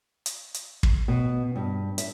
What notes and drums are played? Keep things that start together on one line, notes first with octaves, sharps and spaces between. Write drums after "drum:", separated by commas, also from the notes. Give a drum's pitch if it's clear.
drum: hi-hat
drum: hi-hat
drum: kick
B2
G2
E5, drum: hi-hat